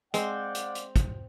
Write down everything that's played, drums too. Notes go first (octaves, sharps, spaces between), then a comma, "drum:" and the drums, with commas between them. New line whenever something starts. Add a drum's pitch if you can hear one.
G#3 C4 C5 D5 F5 F#5, drum: hi-hat
drum: hi-hat
drum: hi-hat
drum: kick, hi-hat